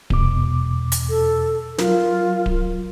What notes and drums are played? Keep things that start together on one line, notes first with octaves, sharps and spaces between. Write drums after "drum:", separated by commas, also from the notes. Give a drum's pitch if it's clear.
E2 B2 D6, drum: kick D1
drum: hi-hat
A4
F#3 F4 A#4, drum: snare
drum: kick D1